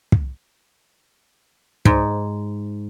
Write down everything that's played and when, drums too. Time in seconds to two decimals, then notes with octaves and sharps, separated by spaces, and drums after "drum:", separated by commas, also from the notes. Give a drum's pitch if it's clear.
0.12 drum: kick
1.85 G#2, drum: kick